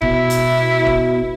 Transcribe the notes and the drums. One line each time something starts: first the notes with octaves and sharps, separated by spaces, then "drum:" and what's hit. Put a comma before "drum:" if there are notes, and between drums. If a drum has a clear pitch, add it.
B2 E4, drum: kick C#1
drum: hi-hat
drum: kick C#1